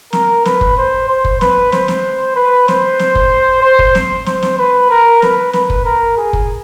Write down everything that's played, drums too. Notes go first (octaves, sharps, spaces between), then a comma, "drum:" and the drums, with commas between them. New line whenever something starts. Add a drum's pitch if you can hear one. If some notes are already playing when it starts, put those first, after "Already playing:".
A#4, drum: snare
B4, drum: snare
drum: kick
C5
C5
drum: kick
B4, drum: snare
C5, drum: snare
drum: snare
B4
C5, drum: snare
drum: snare
drum: kick
C5
drum: kick
drum: snare
C5, drum: snare
drum: snare
B4
A#4
B4, drum: snare
B4, drum: snare
drum: kick
A#4
G#4
drum: kick